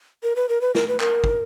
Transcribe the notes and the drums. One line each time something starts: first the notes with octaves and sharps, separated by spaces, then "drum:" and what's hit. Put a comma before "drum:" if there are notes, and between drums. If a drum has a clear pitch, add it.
A#4
B4
A#4
B4
A#4, drum: snare
B4
A#4, drum: clap
drum: kick